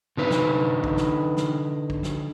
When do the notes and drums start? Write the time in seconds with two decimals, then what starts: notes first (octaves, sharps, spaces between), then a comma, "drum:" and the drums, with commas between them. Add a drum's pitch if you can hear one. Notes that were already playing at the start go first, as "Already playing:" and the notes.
0.17 D3 D#4 B4
0.31 drum: snare
0.84 drum: kick
0.97 drum: snare
1.37 drum: snare
1.90 drum: kick
2.03 drum: snare